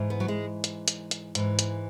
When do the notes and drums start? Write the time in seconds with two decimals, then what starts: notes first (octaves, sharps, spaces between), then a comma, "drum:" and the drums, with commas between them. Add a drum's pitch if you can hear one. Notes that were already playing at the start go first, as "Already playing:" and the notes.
Already playing: G#2 E3
0.10 B3
0.20 F#3
0.28 G#3
0.64 drum: hi-hat
0.88 drum: hi-hat
1.11 drum: hi-hat
1.35 G#2 E3, drum: hi-hat
1.59 drum: hi-hat